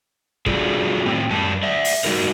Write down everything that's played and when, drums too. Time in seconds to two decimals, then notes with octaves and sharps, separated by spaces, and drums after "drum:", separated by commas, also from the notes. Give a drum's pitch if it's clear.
0.46 F#3 G3 D4 F4 G#4 A4, drum: kick
1.06 A2 C4
1.31 F#2 G3 A5
1.63 D5 E5
1.85 drum: open hi-hat
2.05 G3 D#4 F#4 A#4